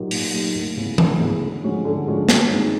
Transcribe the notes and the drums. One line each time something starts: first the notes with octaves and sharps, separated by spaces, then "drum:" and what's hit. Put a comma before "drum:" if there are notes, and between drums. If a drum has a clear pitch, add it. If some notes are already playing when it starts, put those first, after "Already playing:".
Already playing: A#2 F#3 A#3 D#4 G4
A#2, drum: open hi-hat
F#3 A#3 D#4 G4
D2
C#3 E3 G#3 B3
D2, drum: tom E3
C#3 E3 G#3 B3
D3
F3 G#3 C#4 F#4
D3
F3 G#3 C#4 F#4
G2, drum: snare
D#3 G#3 C4